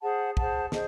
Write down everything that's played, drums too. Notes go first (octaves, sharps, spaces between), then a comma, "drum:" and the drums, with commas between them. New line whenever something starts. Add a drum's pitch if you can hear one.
G#4 C5 F#5 A5
G#4 C5 F#5 A5, drum: kick
G#4 C5 D#5, drum: snare